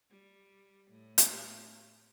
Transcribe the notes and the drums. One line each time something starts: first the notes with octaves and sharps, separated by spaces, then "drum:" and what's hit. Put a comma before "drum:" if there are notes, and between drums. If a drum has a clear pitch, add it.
G3
A2
drum: hi-hat